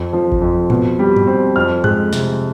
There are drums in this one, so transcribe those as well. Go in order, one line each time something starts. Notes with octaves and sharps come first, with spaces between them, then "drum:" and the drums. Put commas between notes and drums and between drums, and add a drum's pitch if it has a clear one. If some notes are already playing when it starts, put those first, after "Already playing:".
Already playing: F2
F3
drum: kick G#1
F2
B2, drum: tom G#2
G3
drum: tom G2
C4
F2 F6
G#3 F#6, drum: tom G2
C3, drum: snare